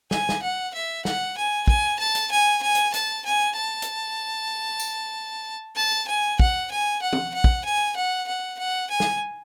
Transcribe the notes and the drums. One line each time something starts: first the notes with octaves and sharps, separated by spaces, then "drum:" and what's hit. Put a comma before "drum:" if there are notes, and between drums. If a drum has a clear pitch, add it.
G#5, drum: snare
drum: snare
F#5
E5
F#5, drum: snare
G#5
G#5, drum: kick
A5
drum: hi-hat
G#5
G#5
drum: hi-hat
A5, drum: hi-hat
G#5
A5
drum: hi-hat
drum: tambourine
A5
G#5
F#5, drum: kick
G#5
F#5
drum: tom
F#5
drum: kick
G#5
F#5
F#5
F#5
G#5
drum: snare